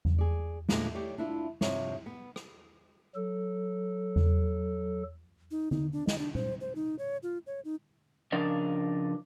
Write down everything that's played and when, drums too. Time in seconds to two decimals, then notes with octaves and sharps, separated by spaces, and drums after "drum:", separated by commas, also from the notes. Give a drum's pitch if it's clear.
0.05 drum: tom E2
0.18 G#4 D5
0.69 A#2 D3 F3 F#3 G#3 A3, drum: snare
0.95 G4 C#5 D5
1.18 D4 E4 F4
1.61 G2 C3 F3 C#5, drum: snare
2.06 B3
2.36 drum: rim click
3.15 F#3 A4
4.16 drum: tom E2
5.51 D#4
5.71 D#4, drum: tom D3
5.93 D4
6.07 D#5, drum: snare
6.18 D4
6.35 C5, drum: tom A#2
6.61 C5
6.75 D#4
6.99 C#5
7.23 F4
7.47 C#5
7.65 D#4
8.32 C#3 F3 D4 A#4 D5 D#5